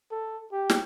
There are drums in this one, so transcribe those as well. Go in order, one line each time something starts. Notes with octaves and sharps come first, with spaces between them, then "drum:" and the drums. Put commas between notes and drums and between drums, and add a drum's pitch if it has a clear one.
A4
G4
drum: snare